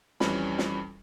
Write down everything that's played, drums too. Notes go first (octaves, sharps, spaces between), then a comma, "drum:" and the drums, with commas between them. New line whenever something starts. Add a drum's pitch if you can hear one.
F2 E3 G3 C#4 B5, drum: snare
drum: snare